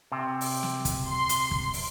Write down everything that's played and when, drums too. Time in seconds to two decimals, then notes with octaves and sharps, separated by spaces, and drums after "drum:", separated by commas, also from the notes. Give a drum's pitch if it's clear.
0.12 C3
0.41 drum: open hi-hat
0.63 drum: snare
0.85 drum: kick, hi-hat
1.07 C6
1.29 drum: hi-hat
1.51 drum: kick
1.73 drum: open hi-hat